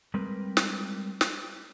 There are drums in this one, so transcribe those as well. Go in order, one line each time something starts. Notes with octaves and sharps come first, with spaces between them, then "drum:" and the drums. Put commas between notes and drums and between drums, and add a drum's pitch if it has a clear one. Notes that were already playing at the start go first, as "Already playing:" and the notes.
G3 G#3 C4 A#4 B4
drum: snare
drum: snare